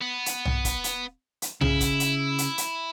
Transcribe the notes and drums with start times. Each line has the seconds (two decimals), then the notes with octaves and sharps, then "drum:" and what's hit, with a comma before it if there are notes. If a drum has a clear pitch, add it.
0.01 B3
0.26 drum: hi-hat
0.45 drum: tom
0.65 drum: kick, hi-hat
0.84 drum: hi-hat
1.42 drum: hi-hat
1.61 C#3 E4, drum: tom
1.81 drum: kick, hi-hat
2.00 drum: hi-hat
2.38 drum: hi-hat
2.58 drum: hi-hat